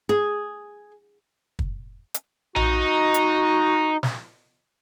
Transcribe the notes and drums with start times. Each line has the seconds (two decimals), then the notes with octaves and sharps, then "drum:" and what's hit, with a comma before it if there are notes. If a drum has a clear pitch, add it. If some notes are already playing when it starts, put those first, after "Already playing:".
0.09 G#4
1.59 drum: kick
2.14 drum: hi-hat
2.56 D#4 F#4, drum: tom A#1
3.14 drum: hi-hat
4.03 drum: snare